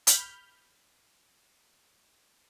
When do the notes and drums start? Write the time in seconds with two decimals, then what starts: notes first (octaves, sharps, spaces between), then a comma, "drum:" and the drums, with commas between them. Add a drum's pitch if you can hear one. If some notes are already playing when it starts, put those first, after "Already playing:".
0.07 B5 F6 G6, drum: hi-hat